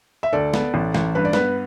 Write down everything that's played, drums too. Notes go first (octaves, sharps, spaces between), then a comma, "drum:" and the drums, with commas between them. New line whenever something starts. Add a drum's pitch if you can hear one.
E5
D2 A4 D5
B3, drum: snare
A1
A1, drum: snare
G2 B4
D5
B3 B4, drum: snare